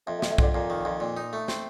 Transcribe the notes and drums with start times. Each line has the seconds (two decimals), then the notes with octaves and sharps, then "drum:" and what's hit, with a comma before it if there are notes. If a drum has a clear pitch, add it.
0.07 F2 A3
0.18 A3
0.22 F2, drum: snare
0.31 A3
0.38 F2 D3, drum: kick
0.54 F2 A#2
0.70 D#3
0.85 F2
1.00 A#2
1.17 D#4
1.33 A3
1.48 C4, drum: snare